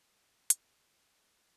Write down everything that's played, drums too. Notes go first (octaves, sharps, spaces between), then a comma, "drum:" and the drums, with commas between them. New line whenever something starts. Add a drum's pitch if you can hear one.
F2 E3 D5
drum: hi-hat
A3 D#4 E5